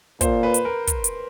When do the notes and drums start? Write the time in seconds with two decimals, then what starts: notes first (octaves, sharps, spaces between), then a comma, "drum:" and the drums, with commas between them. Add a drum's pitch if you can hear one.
0.21 A#2 C5, drum: kick, hi-hat
0.43 B4
0.54 drum: hi-hat
0.65 A#4
0.87 drum: kick, hi-hat
1.04 drum: hi-hat